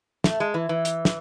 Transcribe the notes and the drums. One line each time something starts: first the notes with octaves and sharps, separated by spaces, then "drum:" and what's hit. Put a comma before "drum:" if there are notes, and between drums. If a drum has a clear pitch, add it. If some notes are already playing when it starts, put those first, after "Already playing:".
A3, drum: snare
G#3
E3
E3
drum: hi-hat
drum: snare